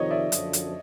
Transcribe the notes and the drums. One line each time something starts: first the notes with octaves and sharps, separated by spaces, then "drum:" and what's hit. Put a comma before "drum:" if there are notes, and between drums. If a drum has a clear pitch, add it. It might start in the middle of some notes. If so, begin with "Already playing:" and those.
Already playing: F2 C3 D#3 C#5 D#5
D5 E5
F#2 D3 F3, drum: hi-hat
drum: hi-hat